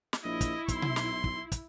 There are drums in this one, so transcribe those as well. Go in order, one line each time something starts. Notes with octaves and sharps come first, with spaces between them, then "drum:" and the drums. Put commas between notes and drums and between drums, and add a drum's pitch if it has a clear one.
drum: snare
A#1 E4 D#5
drum: kick, hi-hat
B1 C6, drum: kick, hi-hat
drum: tom B2
drum: snare
drum: kick
drum: kick, hi-hat